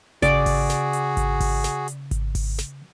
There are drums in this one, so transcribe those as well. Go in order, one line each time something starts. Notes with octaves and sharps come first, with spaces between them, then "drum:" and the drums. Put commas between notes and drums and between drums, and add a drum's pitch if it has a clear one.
C#3 F#4 G#4 D5, drum: kick G#1, hi-hat
drum: kick G#1, open hi-hat
drum: snare
drum: hi-hat
drum: kick G#1, hi-hat
drum: kick G#1, open hi-hat
drum: snare
drum: hi-hat
drum: kick G#1, hi-hat
drum: kick G#1, open hi-hat
drum: snare